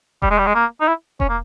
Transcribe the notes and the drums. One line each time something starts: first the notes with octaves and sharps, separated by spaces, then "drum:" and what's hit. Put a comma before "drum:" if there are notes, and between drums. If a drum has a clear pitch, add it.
G3, drum: kick E1
G#3
G3
G#3
A#3
D#4
E4
C#4, drum: kick E1
A#3